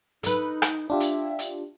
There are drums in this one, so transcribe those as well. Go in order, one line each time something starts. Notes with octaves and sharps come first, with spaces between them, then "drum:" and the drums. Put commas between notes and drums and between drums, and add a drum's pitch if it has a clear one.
D#4 A4 B4, drum: hi-hat
drum: rim click
D4 F4 G4 E5
drum: hi-hat
drum: hi-hat